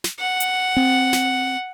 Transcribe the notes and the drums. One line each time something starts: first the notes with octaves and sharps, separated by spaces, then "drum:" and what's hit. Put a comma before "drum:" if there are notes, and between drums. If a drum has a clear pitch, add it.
drum: snare
F#5
drum: hi-hat
C4
drum: snare